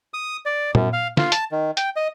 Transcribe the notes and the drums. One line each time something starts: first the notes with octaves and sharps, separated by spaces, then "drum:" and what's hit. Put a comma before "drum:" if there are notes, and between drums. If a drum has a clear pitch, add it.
D#6
D5
F#2, drum: tom A#2
F5
F4, drum: snare
A5, drum: hi-hat
D#3
G5, drum: hi-hat
D#5